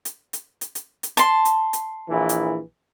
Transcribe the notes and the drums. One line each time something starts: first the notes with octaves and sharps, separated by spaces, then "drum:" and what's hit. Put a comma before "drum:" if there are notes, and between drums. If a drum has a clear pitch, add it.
drum: hi-hat
drum: hi-hat
drum: hi-hat
drum: hi-hat
drum: hi-hat
A5 C6, drum: hi-hat
drum: hi-hat
drum: hi-hat
A#1 E3
drum: hi-hat